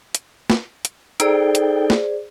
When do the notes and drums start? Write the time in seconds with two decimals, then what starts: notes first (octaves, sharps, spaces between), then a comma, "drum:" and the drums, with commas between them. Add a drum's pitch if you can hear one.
0.15 drum: hi-hat
0.50 drum: snare
0.85 drum: hi-hat
1.20 D#4 G#4 A4 C5 D5 G5, drum: hi-hat
1.55 drum: hi-hat
1.90 drum: snare